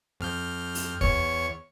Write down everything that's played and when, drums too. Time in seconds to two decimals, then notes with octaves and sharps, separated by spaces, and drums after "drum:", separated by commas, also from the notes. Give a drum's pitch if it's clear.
0.20 F2 F6 G6
0.75 drum: open hi-hat
1.01 E2 C#5 C#7, drum: kick